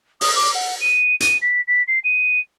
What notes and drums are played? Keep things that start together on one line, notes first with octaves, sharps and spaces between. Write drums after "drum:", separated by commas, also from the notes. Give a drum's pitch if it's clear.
D#6, drum: open hi-hat
D6
F#5
D#7
D#7, drum: hi-hat
B6
B6
C7
D#7